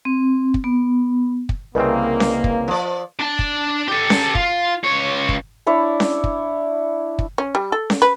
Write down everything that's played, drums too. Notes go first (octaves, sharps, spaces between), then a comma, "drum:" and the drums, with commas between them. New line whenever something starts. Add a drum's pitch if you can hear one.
C4
drum: kick
B3
drum: kick
C2 C#3 A#3 C4 A#4 B4 D#5
drum: snare C#4
drum: kick
F3 D5
D4 A5
drum: kick
G4 A4
drum: snare C#4
F4, drum: kick
C#2 C#5
drum: kick
D4 E4 C#5
drum: snare C#4
drum: kick
drum: kick
C#4
G3
A4
drum: snare C#4
B4